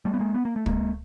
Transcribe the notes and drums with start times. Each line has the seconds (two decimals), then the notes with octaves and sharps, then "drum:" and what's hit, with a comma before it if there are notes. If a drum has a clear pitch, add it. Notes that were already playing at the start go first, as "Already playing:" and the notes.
0.05 G3 A3
0.14 B3
0.19 G#3 A#3
0.34 B3
0.45 A#3
0.56 A3
0.66 G#3 A#3, drum: kick